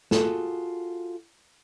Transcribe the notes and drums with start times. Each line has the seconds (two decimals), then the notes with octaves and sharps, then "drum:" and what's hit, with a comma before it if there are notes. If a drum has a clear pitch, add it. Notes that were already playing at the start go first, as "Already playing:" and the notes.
0.11 F4 F#4 G#4 A4, drum: snare